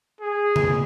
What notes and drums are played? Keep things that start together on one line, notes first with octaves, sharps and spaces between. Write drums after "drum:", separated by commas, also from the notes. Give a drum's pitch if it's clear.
G#4
drum: tom C#3